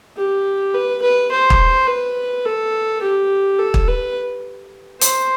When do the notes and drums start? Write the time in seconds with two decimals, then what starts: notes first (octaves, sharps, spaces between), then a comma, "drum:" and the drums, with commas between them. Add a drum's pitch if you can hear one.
0.17 G4
0.75 B4
1.02 B4
1.31 C5
1.50 drum: kick
1.87 B4
2.46 A4
3.02 G4
3.59 A4
3.74 drum: kick
3.88 B4
5.01 C5, drum: hi-hat